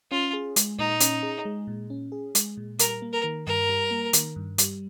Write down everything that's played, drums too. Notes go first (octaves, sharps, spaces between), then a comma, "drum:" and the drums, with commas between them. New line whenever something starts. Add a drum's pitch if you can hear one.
C#4 F4
G#4
G#3, drum: hi-hat
A#2 D#4
C#4, drum: hi-hat
G#4
G#3
A#2
C#4
G#4
G#3, drum: hi-hat
A#2
G3 A#4, drum: hi-hat
A#3
A#4
D#3
G2 A#4
G3
A#3
D#3, drum: hi-hat
G2
G3, drum: hi-hat